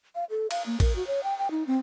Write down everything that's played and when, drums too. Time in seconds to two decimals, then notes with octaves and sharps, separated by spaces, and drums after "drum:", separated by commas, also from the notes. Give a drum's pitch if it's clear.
0.15 F5
0.30 A4
0.51 F5, drum: cymbal
0.66 A#3
0.80 A#4, drum: kick, cymbal
0.96 F#4
1.07 C#5
1.23 G5
1.38 G5
1.51 D#4
1.67 C4